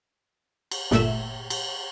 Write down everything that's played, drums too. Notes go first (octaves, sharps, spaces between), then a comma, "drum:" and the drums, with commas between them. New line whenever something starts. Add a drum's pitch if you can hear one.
drum: cymbal
G1 A#2 A3 E5 E7, drum: snare
drum: cymbal